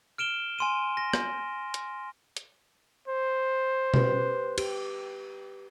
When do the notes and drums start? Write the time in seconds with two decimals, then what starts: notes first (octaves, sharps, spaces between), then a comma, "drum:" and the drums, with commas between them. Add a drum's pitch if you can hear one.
0.18 F6 D7 E7 G7
0.59 G#5 C6 D#7
0.97 A#6
1.13 drum: rim click
1.74 drum: hi-hat
2.37 drum: hi-hat
3.08 C5
3.94 G4 B4, drum: tom
4.58 G4, drum: cymbal